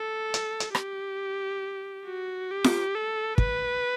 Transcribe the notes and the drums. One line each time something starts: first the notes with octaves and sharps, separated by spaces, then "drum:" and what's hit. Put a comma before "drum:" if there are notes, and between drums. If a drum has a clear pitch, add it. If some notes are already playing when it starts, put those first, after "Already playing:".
Already playing: A4
drum: hi-hat
drum: hi-hat
G4, drum: rim click
F#4
G4
drum: snare F4
A4
B4, drum: kick